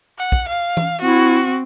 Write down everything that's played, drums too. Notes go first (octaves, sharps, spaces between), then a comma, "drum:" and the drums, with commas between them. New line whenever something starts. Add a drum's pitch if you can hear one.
F#5
drum: kick
F5
drum: tom
C4 E4 F#4